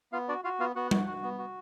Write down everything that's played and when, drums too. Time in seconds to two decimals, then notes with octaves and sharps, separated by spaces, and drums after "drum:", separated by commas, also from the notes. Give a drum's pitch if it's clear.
0.12 B3 F4 F5
0.29 D4 F#4 D5
0.44 F4 F#4 F5
0.59 B3 F4 F5
0.76 B3 F#4 F#5
0.91 F#4, drum: tom G3
1.07 F#4
1.23 B3
1.38 F#4